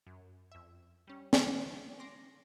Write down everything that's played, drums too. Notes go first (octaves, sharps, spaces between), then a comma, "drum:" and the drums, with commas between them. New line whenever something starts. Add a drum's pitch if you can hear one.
F#2
F2 E5
G3 C#4
B5, drum: snare
D#3
C6 D6 A#6